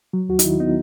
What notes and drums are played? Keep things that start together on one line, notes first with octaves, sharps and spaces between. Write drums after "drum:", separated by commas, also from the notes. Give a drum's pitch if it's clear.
F#3
D#2 F#4
D#4, drum: hi-hat
D#3 E4
B3 D#4